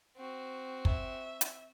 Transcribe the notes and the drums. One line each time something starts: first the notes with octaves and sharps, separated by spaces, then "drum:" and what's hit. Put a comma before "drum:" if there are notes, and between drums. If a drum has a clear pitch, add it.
C4 F#4
E5, drum: kick
drum: hi-hat